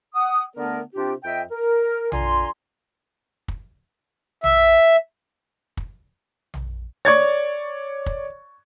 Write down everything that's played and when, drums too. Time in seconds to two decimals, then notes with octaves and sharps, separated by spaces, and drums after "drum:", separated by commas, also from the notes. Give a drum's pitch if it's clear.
0.14 F#5 D#6
0.56 D3 A3 B3 D4 A#4
0.94 C3 C4 D4 F4 G4
1.23 F2 D#5 E5 G5
1.50 A#4
2.12 D3 F4 G#5 A#5 C6, drum: tom A#1
3.48 drum: kick
4.44 E5, drum: tom A#1
5.77 drum: kick
6.54 drum: tom A#1
7.05 C#5 D5 C#6 G#6 A6
8.06 drum: kick